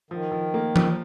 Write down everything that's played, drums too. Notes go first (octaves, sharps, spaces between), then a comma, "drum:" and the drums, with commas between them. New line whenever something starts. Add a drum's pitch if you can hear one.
D#3 F3
F3
A#3
F3, drum: tom E3